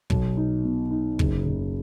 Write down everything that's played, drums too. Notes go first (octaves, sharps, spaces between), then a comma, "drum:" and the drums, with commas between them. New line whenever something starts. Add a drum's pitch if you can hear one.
B1, drum: kick
D#4
B2
D#4
F#1, drum: kick
F#1